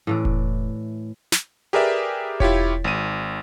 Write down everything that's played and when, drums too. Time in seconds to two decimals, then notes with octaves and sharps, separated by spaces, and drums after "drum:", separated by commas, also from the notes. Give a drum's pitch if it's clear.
0.07 A2 E3 D5
0.25 drum: kick E1
1.32 drum: snare
1.73 G4 G#4 A#4 B4 D5 E5
2.40 E4 F4 G4 C#5, drum: kick E1
2.84 G#1 D#7